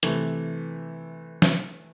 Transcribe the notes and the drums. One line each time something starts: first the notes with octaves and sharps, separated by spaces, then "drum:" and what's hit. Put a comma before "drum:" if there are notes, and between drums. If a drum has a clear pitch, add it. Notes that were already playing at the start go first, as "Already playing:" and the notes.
C3 E3 A3, drum: hi-hat
drum: snare